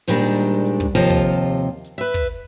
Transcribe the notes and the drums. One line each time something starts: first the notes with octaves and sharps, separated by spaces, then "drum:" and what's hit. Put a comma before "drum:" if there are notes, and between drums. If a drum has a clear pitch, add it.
D2 A#2 D#3 G3 G#3 D4
drum: hi-hat
drum: kick
D#2 C3 F3 F4 D#5 A5, drum: hi-hat
drum: kick
drum: hi-hat
drum: hi-hat
B4 E5
drum: kick, hi-hat